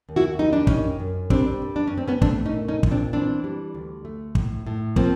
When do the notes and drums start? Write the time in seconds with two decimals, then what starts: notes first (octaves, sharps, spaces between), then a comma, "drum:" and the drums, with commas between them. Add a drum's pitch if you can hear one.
0.09 D#2
0.16 E4 F#4
0.39 G3 D#4
0.53 D4
0.67 F#2 C#4 D#4, drum: kick
1.00 F#2
1.30 G3 C4 D4, drum: kick
1.62 G2
1.76 D4
1.87 G2 C#4
1.98 C4
2.08 B3 C#4
2.22 A3 C4 D4, drum: kick
2.46 C#4 D#4
2.52 A#2
2.68 C#4 D#4
2.83 A#2, drum: kick
2.91 C4 D4
3.13 E3 C4 D4
3.44 G3
3.75 D2
4.05 A3
4.35 A2, drum: kick
4.67 A2
4.96 F3 A#3 C4, drum: kick